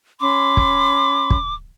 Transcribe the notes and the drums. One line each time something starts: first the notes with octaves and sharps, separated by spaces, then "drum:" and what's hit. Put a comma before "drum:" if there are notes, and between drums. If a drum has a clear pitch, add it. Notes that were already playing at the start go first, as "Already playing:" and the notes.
C#4 B5 C6 D6
drum: kick
drum: kick